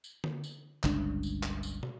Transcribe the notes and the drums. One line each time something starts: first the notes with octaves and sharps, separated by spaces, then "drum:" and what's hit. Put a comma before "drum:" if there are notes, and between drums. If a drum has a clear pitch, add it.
drum: tambourine
drum: tom D3
drum: tambourine
G1 C#2 G3 D4, drum: clap
drum: tambourine
drum: clap
drum: tambourine
drum: tom